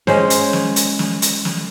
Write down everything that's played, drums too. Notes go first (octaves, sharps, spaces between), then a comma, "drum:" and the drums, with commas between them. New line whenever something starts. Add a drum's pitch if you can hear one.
G#3 C#4 C5, drum: snare
drum: hi-hat
drum: snare
drum: hi-hat
drum: snare
drum: hi-hat
drum: snare